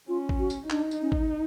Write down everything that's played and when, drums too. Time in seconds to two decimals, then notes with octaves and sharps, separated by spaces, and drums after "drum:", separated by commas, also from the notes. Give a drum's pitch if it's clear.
0.08 C#4 F4
0.29 drum: kick
0.39 F#4
0.50 drum: tambourine
0.70 D4 D#4, drum: clap
0.91 drum: tambourine
1.02 C#4
1.12 drum: kick